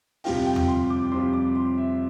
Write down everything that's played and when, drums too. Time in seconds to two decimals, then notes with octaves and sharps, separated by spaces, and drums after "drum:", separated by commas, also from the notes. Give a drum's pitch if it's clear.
0.24 F2 C3 G3 C4 F4 G5, drum: open hi-hat
0.46 G5
0.56 drum: tom E2
0.68 C6
0.90 D6
1.11 F2 C3 G3 C4 F4 C6
1.33 D6
1.55 C6
1.78 E5